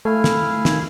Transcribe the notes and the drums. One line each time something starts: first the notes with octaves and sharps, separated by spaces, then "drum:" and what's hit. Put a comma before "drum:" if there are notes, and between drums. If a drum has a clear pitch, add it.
A3 E4 F5 G#5
drum: snare
D#3, drum: snare